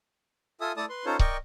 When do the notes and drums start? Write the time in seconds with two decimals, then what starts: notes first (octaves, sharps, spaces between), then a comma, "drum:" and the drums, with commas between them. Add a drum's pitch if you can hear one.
0.61 F4 A4 E5 G#5 D#6
0.77 A3 E4 A4 D5 A5 D#6
0.89 B4 C6
1.06 C#4 D#4 F4 A4 C5 C#5
1.19 A#4 D5 D#5 G5 C#6, drum: kick C#1